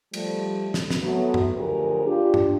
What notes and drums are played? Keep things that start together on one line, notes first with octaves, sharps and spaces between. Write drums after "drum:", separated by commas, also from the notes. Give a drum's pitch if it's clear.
F3 G3 A3, drum: cymbal
drum: snare
drum: snare
F#3 A3 B3
drum: tom F#2
D2 F3 F#3 G4 G#4 A#4
D4 F4 G4
drum: tom G2